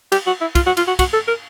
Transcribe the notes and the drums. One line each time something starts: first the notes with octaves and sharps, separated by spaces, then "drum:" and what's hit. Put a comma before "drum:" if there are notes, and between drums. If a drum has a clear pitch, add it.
G4, drum: cymbal
F#4
E4
F4, drum: kick, cymbal
F#4
F4, drum: cymbal
F#4
F#4, drum: kick, cymbal
A4
A#4